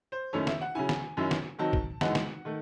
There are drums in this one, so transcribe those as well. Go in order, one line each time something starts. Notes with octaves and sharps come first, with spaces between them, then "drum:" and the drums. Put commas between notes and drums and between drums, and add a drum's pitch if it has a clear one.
C5
F#2 D#3 A3 C#4 E4 C#5
E5, drum: snare
F#5
C#3 F#3 C#4 E4 G#5
drum: snare
F#2 D#3 F#3 C#4 E4
drum: snare
D#3 F#3 C4 D#4 A5
drum: kick
F#2 E3 G#3 D#4 F#5, drum: snare
drum: snare
D#3 A3